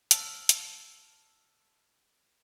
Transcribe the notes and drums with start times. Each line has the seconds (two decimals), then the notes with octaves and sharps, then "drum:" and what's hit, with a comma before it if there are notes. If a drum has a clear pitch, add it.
0.11 A5 E6 F6, drum: hi-hat
0.49 drum: hi-hat